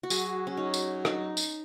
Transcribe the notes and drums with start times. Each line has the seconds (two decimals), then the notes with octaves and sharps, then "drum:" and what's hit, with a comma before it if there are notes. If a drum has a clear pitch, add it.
0.03 F#4
0.10 F#3 G#4, drum: tambourine
0.47 C#4
0.57 D#4
0.74 drum: tambourine
1.05 D#4, drum: rim click
1.37 drum: tambourine